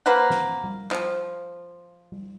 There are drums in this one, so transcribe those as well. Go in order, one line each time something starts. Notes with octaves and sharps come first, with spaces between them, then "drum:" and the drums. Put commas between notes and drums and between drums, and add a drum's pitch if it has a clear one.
A#3 B4 C5 F#5
drum: snare
drum: tom G3
F3, drum: clap
drum: tom G3